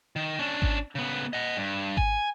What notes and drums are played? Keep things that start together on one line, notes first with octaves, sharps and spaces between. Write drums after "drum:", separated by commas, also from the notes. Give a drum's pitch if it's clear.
D#3
C#4 D4
drum: kick G#1
C#3 B3
D#5 F#5
G2
G#5, drum: kick G#1